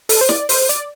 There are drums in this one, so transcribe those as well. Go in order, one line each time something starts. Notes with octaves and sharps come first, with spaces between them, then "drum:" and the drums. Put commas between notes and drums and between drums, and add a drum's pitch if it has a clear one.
A4, drum: open hi-hat
C5
D5, drum: snare
C5, drum: open hi-hat
D5, drum: hi-hat